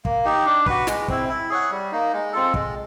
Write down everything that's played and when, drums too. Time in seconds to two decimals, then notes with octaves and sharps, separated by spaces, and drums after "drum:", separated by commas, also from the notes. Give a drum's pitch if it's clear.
0.05 A#3, drum: kick
0.25 D#4 G4
0.45 D4
0.66 F#4 B4, drum: kick
0.87 G#3, drum: snare
1.08 C4 E4, drum: kick
1.29 E4
1.50 G#4 C#5 F#5
1.71 G3
1.92 A#3 D#4
2.13 G#3
2.33 C4 F4 A4
2.54 G#3, drum: kick